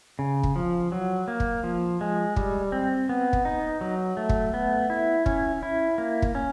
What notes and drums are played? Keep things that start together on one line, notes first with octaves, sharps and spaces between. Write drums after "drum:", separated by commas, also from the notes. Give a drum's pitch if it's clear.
C#3
drum: kick
F3
F#3
A#3
drum: kick
F3
G#3
G3, drum: kick
C4
B3
drum: kick
D#4
F#3
A3
drum: kick
B3
E4
C#4, drum: kick
E4
A#3
drum: kick
C#4